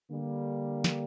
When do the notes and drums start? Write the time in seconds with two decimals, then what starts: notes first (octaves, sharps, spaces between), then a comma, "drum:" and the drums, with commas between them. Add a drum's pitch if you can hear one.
0.11 D3 G3 A#3
0.84 drum: snare